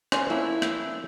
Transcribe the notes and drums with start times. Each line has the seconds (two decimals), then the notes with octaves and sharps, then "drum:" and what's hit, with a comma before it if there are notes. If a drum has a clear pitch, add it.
0.12 C#4 C5, drum: rim click
0.30 F3 A#3 C#4 E4
0.62 drum: rim click